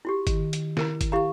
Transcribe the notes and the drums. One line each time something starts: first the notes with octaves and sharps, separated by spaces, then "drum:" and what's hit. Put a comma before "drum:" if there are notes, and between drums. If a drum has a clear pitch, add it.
E4 F#4 G4
D#3, drum: kick G1, hi-hat
drum: hi-hat
E4 A#4 A#5, drum: snare
drum: kick G1, hi-hat
E4 G4 F5 A#5 C#6